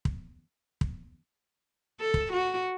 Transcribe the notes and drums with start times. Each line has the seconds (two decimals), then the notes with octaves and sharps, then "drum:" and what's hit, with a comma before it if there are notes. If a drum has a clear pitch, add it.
0.05 drum: kick
0.81 drum: kick
2.00 A4
2.14 drum: kick
2.33 F#4